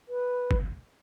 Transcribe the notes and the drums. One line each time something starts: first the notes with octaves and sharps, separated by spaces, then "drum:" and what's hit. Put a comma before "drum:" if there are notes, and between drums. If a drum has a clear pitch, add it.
B4
drum: kick G1